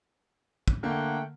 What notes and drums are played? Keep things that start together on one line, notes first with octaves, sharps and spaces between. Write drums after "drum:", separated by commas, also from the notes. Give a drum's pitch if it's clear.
drum: kick
D3 A3 A#3 F#5 G5